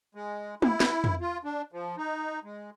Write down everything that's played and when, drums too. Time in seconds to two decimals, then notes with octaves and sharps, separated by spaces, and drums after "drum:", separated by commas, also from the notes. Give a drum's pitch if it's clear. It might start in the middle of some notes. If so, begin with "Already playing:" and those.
0.15 G#3
0.62 E4, drum: tom
0.80 drum: snare
1.04 drum: tom
1.21 F4
1.44 D4
1.72 F3
1.97 D#4
2.44 G#3